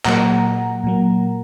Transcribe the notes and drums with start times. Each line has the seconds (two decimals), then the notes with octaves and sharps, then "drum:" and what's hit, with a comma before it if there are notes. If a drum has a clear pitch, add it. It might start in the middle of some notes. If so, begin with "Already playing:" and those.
0.05 A#2 F#3 A#3 F#5 A#5, drum: clap
0.84 A#2 F#3 A#3